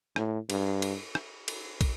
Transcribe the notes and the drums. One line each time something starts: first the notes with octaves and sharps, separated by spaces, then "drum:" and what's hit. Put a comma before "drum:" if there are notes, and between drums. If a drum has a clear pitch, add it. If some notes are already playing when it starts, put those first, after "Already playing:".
A2, drum: rim click
G2, drum: cymbal
drum: cymbal
drum: rim click
drum: cymbal
drum: kick, cymbal